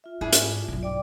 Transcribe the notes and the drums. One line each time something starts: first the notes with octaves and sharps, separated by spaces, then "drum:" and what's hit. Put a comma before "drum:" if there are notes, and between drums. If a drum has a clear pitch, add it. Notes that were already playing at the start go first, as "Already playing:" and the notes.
F4 E5
G#2 D4 E4 G#4
drum: hi-hat
B1 G2
D5 G5 D6